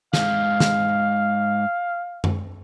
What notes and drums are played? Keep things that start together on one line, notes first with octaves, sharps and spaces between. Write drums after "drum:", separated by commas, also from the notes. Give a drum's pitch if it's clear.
C#2 G#2 F5, drum: snare
drum: snare
drum: tom F#2